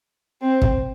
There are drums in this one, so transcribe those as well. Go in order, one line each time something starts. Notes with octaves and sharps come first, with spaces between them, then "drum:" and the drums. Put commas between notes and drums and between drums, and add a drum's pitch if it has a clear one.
C4
drum: kick